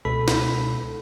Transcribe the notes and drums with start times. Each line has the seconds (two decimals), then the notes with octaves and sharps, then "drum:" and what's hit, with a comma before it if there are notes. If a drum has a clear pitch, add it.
0.05 C#2 B2 A4 B5 B6
0.28 drum: snare